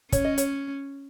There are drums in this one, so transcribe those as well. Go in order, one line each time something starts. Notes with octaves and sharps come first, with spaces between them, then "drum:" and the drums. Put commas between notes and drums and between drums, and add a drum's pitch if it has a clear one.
C#4 C#5, drum: kick, hi-hat
D#5
C#5, drum: hi-hat